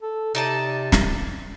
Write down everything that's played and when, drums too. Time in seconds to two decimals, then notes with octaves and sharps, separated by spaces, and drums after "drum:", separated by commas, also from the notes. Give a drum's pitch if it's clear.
0.02 A4
0.35 C3 D#4 D5 A5
0.92 drum: snare